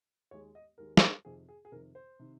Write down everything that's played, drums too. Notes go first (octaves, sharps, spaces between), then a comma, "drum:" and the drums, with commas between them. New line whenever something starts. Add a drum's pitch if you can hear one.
D#2 D#3 G#3 C#5
D#5
D#2 D#3 G#3 A#4
drum: snare
F2 C3 D#3 G#4
G#4
G#4
F2 C3 D#3 A#4
C5
C3 D#3